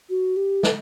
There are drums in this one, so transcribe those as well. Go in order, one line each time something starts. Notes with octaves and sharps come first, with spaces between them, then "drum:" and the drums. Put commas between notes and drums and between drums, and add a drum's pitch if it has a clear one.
F#4
G4
B4, drum: snare